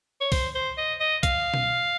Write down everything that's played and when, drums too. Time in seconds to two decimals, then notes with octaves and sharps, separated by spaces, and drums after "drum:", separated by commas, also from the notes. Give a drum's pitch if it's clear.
0.21 C#5
0.32 C5, drum: kick, open hi-hat
0.55 C5
0.78 D#5
1.00 D#5
1.23 F5, drum: kick, hi-hat
1.54 drum: tom B2